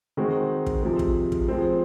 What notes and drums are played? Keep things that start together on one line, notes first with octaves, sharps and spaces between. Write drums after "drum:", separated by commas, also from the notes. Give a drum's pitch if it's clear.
D#3 G#3 C4 F#4
drum: kick
C3 F3 G#3
drum: kick
drum: kick
F3 G#3 C4